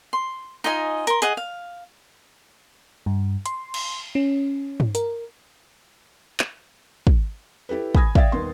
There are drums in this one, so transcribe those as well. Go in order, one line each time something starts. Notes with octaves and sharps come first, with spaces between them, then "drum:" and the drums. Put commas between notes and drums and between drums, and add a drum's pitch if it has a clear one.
C6
D#4 F4 D#5 G#5
A#4 C6, drum: hi-hat
G#4 D#5 F#5, drum: hi-hat
F5
G2
C6, drum: hi-hat
drum: cymbal
C#4
drum: tom
A#4, drum: hi-hat
drum: clap
drum: kick
E4 G4 A4 B4
G#5 B5 D#6 G#6 A#6, drum: kick
D5 E5 F5 G5 A6, drum: kick
D#1 D#2 B3 C6